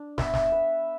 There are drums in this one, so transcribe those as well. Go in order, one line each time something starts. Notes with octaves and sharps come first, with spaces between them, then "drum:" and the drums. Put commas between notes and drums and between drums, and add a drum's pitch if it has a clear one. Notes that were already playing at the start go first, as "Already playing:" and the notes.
Already playing: D4
B3 E5, drum: snare
drum: snare
B3